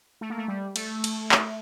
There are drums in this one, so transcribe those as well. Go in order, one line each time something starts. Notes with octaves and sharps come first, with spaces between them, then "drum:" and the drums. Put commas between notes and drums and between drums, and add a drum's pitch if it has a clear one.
A3
A#3
A3
G3
A3, drum: cymbal
drum: cymbal
drum: clap